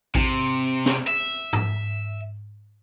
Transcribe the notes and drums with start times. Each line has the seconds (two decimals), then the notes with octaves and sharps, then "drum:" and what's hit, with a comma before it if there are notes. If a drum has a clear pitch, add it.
0.15 C3, drum: kick A1
0.86 drum: snare
1.07 E5
1.53 drum: tom G#2